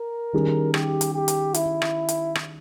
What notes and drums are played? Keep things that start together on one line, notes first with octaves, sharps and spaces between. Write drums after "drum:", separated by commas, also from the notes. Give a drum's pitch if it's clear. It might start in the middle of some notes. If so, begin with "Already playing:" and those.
Already playing: A#4
D#3 G3 C#4 G#4
G4, drum: rim click
drum: hi-hat
G4
drum: hi-hat
E4, drum: hi-hat
drum: rim click
drum: hi-hat
drum: rim click